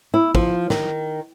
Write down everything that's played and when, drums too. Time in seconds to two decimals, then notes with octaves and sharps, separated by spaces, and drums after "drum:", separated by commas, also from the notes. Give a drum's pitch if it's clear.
0.14 E4
0.35 F3, drum: kick
0.70 D#3, drum: snare